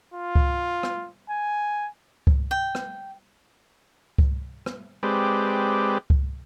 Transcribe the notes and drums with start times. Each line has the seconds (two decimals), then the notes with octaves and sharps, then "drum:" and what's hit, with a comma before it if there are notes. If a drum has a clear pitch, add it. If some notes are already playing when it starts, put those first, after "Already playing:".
0.14 F4
0.35 drum: kick C#2
0.83 drum: rim click
1.30 G#5
2.27 drum: kick C#2
2.51 G5
2.75 drum: rim click
4.18 drum: kick C#2
4.66 drum: rim click
5.03 G#3 C4 G4 B4 D5
6.10 drum: kick C#2